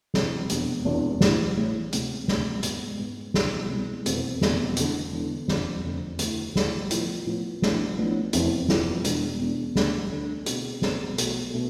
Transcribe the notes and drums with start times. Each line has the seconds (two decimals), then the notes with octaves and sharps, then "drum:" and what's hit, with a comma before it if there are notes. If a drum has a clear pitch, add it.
0.14 F2 C3 E3 A3, drum: snare
0.50 F1 E2 B2 G#3 D4, drum: hi-hat
0.85 F1 E2 B2 G#3 D4
1.21 A1 A2 E3, drum: snare
1.57 A1 A2 E3
1.93 E1 D2 C3 G#3, drum: hi-hat
2.28 E1 D2 C3 G#3, drum: snare
2.63 G#2 G#3 B3, drum: hi-hat
2.99 G#2 G#3 B3
3.34 C2 B2 G#3, drum: snare
3.70 C2 B2 G#3
4.06 F1 E2 B2 A3 C4, drum: hi-hat
4.41 F1 E2 B2 A3 C4, drum: snare
4.77 E1 E2 D3, drum: hi-hat
5.13 E1 E2 D3
5.48 F1 F2 D3 A3 C4, drum: snare
5.84 F1 F2 D3 A3 C4
6.19 D2 D3 A3 E4, drum: hi-hat
6.56 D2 D3 A3 E4, drum: snare
6.91 A2 F3 B3 F4, drum: hi-hat
7.26 A2 F3 B3 F4
7.62 A1 A2 F3 B3 D4, drum: snare
7.97 A1 A2 F3 B3 D4
8.33 F1 F2 E3 B3 F4, drum: hi-hat
8.69 F1 F2 E3 B3 F4, drum: snare
9.04 E1 E2 B2 G#3 D4, drum: hi-hat
9.39 E1 E2 B2 G#3 D4
9.75 D2 D3 A3 D4 A4, drum: snare
10.11 D2 D3 A3 D4 A4
10.46 B2 A3 C4 G#4, drum: hi-hat
10.82 B2 A3 C4 G#4, drum: snare
11.18 B1 B2 A3, drum: hi-hat
11.53 B2 A3